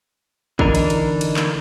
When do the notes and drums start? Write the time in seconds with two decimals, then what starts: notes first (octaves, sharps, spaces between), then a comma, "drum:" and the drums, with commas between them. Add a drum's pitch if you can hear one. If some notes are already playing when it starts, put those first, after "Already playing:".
0.59 D3 E3 D4 D#4 A#4, drum: kick
0.75 drum: cymbal
0.90 drum: cymbal
1.21 drum: cymbal
1.36 drum: clap